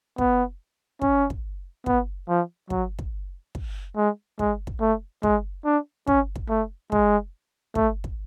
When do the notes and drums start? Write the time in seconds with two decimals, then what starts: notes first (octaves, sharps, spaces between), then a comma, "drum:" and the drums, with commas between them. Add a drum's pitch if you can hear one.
0.18 B3, drum: kick
1.02 C#4, drum: kick
1.30 drum: kick
1.86 B3, drum: kick
2.29 F3
2.70 F#3, drum: kick
2.99 drum: kick
3.55 drum: kick
3.96 G#3
4.39 G#3, drum: kick
4.67 drum: kick
4.81 A3
5.23 G#3, drum: kick
5.65 D4
6.07 C#4, drum: kick
6.36 drum: kick
6.49 A3
6.92 G#3, drum: kick
7.75 A3, drum: kick
8.04 drum: kick